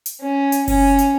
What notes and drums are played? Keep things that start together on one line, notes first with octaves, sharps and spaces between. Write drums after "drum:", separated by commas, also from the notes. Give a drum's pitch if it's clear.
drum: hi-hat
C#4
drum: hi-hat
C#4, drum: kick F#1, open hi-hat
drum: hi-hat